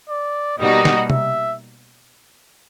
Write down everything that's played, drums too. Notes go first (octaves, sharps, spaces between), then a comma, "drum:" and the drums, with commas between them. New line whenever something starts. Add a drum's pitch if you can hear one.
D5
B2 G3 A#3 D#4 F#4 D#5
drum: snare
E5, drum: tom C3